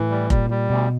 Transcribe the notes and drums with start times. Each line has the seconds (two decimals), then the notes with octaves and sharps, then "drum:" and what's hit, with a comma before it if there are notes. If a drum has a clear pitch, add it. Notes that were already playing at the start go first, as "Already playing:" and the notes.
Already playing: A2 E3
0.10 G3
0.30 A#2 G3, drum: kick F1
0.50 G3
0.70 D2 B2